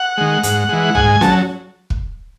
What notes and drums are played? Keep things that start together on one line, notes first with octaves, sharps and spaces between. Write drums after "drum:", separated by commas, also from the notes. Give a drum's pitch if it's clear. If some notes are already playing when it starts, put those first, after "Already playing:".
Already playing: F#5
D#3 G#3
G#2, drum: hi-hat
E3 G#3
G#2 G#5, drum: tom
F#3 A5, drum: snare C#4
drum: kick